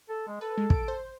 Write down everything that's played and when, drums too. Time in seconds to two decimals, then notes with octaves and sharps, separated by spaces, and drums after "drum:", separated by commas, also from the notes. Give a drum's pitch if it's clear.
0.09 A4
0.28 G#3
0.41 A4 B4
0.58 G#3
0.70 D7, drum: kick
0.88 C5